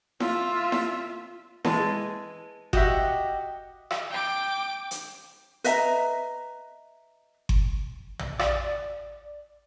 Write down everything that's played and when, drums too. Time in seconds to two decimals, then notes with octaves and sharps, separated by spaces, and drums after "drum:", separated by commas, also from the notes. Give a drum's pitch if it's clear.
0.20 F4 E5, drum: snare E4
0.72 drum: snare E4
1.65 E3 G#3 A5, drum: snare E4
2.73 F#4 G4 D#5 E5 F#5, drum: kick G1
3.91 drum: rim click
4.10 G5 D6
4.91 drum: hi-hat
5.64 B4 D#5 E5 A#5, drum: hi-hat
7.49 drum: kick G1
8.19 drum: tom A#1
8.39 D5, drum: rim click